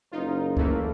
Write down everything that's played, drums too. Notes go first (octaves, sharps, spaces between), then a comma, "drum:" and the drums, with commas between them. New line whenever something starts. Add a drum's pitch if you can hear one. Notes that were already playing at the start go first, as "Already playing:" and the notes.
F#1 D#4 F4
E3 A3 A#3, drum: kick C#2